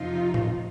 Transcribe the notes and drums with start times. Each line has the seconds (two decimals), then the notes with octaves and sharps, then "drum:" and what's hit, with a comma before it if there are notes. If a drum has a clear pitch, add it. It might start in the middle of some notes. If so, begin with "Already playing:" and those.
Already playing: F2 C3 F3 D#4 F4
0.34 drum: tom A2